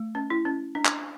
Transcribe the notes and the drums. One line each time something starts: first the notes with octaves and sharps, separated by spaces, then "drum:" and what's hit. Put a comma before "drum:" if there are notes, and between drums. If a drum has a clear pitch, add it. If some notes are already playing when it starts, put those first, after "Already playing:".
Already playing: A3
C#4
E4
C#4
D4
drum: clap